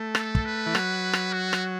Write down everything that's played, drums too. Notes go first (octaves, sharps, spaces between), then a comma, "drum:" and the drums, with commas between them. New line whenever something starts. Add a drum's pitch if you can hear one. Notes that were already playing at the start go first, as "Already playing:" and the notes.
Already playing: A3
A4, drum: rim click
drum: kick
B4
E3
F#3, drum: rim click
drum: rim click
F#4
drum: rim click